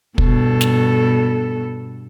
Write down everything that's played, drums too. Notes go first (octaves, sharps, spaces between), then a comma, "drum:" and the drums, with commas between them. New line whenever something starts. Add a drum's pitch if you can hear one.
G2 B2 A4, drum: kick
drum: snare